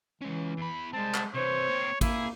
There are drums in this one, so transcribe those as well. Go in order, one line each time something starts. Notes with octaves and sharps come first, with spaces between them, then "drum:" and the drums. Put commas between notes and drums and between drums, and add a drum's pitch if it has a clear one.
E3 G#3 C#4
E2 B5
G3 G#3 C4 A5
drum: clap
C3 E3 C5 C#5
A#3 C4
A#3 E4 G#4, drum: kick, cymbal